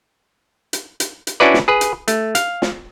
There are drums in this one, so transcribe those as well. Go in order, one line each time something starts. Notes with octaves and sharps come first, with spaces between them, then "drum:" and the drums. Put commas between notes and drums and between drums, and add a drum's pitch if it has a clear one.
drum: hi-hat
drum: hi-hat
drum: hi-hat
C#4 D4 E4 F#4 B4 D5
drum: snare
G#4 B4
drum: hi-hat
A3, drum: hi-hat
F5, drum: hi-hat
drum: snare